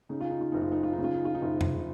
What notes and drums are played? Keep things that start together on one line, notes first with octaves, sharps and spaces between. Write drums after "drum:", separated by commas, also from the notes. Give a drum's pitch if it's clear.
C#3 D#4
F4
D#4
F4
F#1 D#4
F4
D#4
F4
D#4
C#3
F4
D#4
F4
D#4
F#1
drum: tom E2